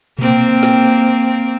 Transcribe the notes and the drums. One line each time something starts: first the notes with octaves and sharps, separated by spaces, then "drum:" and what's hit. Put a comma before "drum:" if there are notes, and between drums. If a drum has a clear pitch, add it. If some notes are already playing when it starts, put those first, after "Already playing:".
A#3 C4, drum: tom A#2
drum: snare
drum: hi-hat